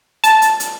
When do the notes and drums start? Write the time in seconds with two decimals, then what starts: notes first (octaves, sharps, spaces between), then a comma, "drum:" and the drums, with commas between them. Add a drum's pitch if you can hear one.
0.24 A5, drum: hi-hat
0.42 drum: hi-hat
0.60 drum: hi-hat